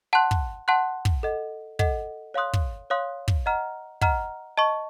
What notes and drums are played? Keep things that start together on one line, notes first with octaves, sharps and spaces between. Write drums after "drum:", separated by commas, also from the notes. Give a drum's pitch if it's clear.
F#5 A5 C6 F#6
drum: kick
F#5 A5 C6 F#6
drum: kick
A4 D#5 F#5
A4 D#5 F#5, drum: kick
C#5 F5 C6 D#6 F#6
drum: kick
C#5 F5 C6 D#6 F#6
drum: kick
D#5 F#5 A#5 F6
D#5 F#5 A#5 F6, drum: kick
D#5 A5 C#6